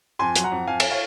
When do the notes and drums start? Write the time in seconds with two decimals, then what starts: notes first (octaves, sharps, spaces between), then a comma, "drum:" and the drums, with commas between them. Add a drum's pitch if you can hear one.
0.19 F2 G#5 C6
0.36 F#3, drum: hi-hat
0.44 F#5 A#5
0.52 F2
0.67 F2 F5 G#5
0.80 drum: cymbal
0.91 C#5 F5